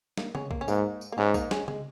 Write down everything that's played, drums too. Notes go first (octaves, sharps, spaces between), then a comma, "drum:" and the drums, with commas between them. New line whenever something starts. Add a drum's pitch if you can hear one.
A#3 D#4, drum: snare
G#3 C#4, drum: tom C#3
A#3, drum: kick B1
C#4
G#2 A#3, drum: tambourine
drum: tambourine
A#3
G#2 G#3 C#4
A#3 D#4, drum: kick B1, tambourine
G#3 C#4, drum: snare
G#3, drum: tom C#3